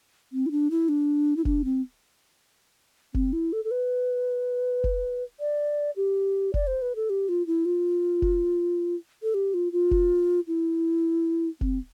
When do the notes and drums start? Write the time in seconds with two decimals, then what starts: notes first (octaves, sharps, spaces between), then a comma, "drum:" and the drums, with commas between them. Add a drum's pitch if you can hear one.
0.33 C4
0.46 E4
0.51 D4
0.71 E4
0.89 D4
1.37 E4
1.45 D4, drum: kick F1
1.64 C4
3.14 C4, drum: kick F1
3.33 E4
3.53 A4
3.65 A4
3.71 B4
4.84 drum: kick F1
5.40 D5
5.96 G4
6.54 D5, drum: kick F1
6.67 C5
6.82 B4
6.96 A4
7.10 G4
7.29 F4
7.47 E4
7.65 F4
8.22 drum: kick F1
9.23 A4
9.34 G4
9.54 F4
9.72 F4
9.91 drum: kick F1
10.47 E4
11.61 C4, drum: kick F1